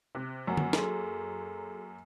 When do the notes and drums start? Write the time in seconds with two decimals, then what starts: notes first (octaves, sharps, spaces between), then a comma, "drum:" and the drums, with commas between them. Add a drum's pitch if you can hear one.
0.15 C3 F#6
0.47 F#2 F#3 A#3 F#5
0.57 drum: tom
0.73 G#4 A4 C6, drum: snare